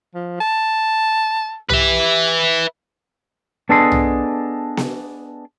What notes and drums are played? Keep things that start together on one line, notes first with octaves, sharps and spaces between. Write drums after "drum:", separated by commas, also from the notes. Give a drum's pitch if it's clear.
F3
A5
G4 B4 E5, drum: tom
B3 D4 G#4 A4 D#5 C6
drum: tom
drum: snare B3